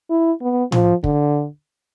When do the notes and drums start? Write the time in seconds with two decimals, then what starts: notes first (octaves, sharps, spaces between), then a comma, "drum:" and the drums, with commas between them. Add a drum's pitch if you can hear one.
0.10 E4
0.42 B3
0.72 F3, drum: tom A2
1.04 D3, drum: kick